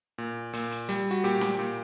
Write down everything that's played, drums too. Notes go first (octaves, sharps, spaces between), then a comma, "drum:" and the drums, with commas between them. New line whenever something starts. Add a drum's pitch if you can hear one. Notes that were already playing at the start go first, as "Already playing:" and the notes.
A#2
A#2, drum: hi-hat
drum: hi-hat
G3, drum: hi-hat
F#4
A#2 G4, drum: hi-hat
drum: snare
A#2